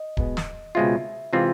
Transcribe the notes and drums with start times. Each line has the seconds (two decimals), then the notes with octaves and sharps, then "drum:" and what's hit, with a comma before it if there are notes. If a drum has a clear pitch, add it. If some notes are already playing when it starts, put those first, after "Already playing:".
Already playing: D#5
0.17 B2 G#3 B3, drum: kick D1
0.37 drum: snare
0.75 C#2 B2 G#3 C4 F4 E5
1.33 C3 E3 G#3 C4 F4 F5